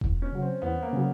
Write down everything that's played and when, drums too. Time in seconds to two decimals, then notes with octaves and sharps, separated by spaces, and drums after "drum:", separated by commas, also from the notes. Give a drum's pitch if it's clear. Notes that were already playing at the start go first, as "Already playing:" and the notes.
0.01 E2, drum: kick E1
0.22 C#4
0.32 C#3 F#3
0.42 C4
0.62 E2 B3
0.82 A#3
0.93 C#3 F#3